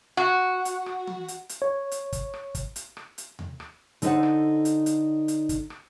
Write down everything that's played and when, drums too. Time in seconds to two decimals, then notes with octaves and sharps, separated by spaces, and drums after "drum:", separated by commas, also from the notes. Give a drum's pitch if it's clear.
0.17 F#4
0.65 drum: hi-hat
0.86 drum: rim click
1.07 drum: tom E3
1.28 drum: hi-hat
1.49 drum: hi-hat
1.62 C#5
1.91 drum: hi-hat
2.13 drum: kick, hi-hat
2.34 drum: rim click
2.55 drum: kick, hi-hat
2.76 drum: hi-hat
2.97 drum: rim click
3.18 drum: hi-hat
3.39 drum: tom E2
3.60 drum: rim click
4.02 D3 D#4 A4 B4 C5 F#5, drum: hi-hat
4.23 drum: rim click
4.65 drum: hi-hat
4.86 drum: hi-hat
5.28 drum: hi-hat
5.49 drum: kick, hi-hat
5.70 drum: rim click